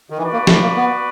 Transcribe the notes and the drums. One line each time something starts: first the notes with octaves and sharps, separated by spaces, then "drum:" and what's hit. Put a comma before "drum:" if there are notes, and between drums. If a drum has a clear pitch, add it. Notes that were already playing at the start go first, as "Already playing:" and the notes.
D#3
E3 F#4 B4 D5
A#3
A3, drum: snare
A#3
B3